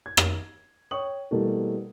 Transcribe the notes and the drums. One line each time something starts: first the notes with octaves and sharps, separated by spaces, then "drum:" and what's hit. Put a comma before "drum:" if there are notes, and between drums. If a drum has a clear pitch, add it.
G#6
drum: rim click
C#5 G5 C#6 D#6 F#7
B2 E3 G3 A3 A#3